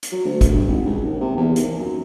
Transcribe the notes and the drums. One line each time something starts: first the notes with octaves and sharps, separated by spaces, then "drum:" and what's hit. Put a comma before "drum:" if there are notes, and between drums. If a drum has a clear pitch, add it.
drum: hi-hat
F#3
D2
drum: kick, hi-hat
G2
G#1
C#2
D#2
C3
E2
D#2, drum: hi-hat
F#2